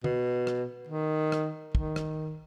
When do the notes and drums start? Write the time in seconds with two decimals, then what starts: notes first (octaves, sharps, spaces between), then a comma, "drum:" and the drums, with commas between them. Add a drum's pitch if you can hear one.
0.04 B2, drum: tom
0.47 drum: rim click
0.89 D#3
1.32 drum: rim click
1.75 D#3, drum: kick
1.96 drum: rim click